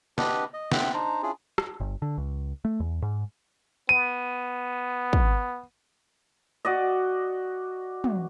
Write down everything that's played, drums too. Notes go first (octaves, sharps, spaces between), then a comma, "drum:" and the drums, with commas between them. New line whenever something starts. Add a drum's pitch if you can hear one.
D4 G4 B4 D#5 F#5, drum: snare
D#5
B3 C4 E5 F#5 G5, drum: snare
D4 D#4 C5 A#5
C#4 D4 E4 F4 G#4
drum: rim click
G1
D3
C#2
A3
E2
G#2
B3 D#7
drum: kick
F#4 D5 D#5
drum: tom